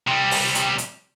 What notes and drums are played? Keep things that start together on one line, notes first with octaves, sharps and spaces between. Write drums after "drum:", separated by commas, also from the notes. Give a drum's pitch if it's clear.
C3 G3
drum: open hi-hat
drum: hi-hat
drum: hi-hat